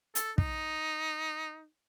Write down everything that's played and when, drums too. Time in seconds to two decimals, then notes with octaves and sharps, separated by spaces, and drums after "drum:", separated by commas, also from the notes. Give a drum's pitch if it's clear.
0.15 A4, drum: hi-hat
0.38 D#4, drum: kick